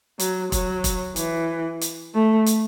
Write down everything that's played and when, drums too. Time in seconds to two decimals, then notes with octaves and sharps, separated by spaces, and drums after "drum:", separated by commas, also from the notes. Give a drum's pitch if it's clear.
0.19 F#3, drum: hi-hat
0.52 F#3, drum: kick E1, hi-hat
0.84 drum: kick E1, hi-hat
1.16 E3, drum: hi-hat
1.81 drum: hi-hat
2.14 A3
2.46 drum: hi-hat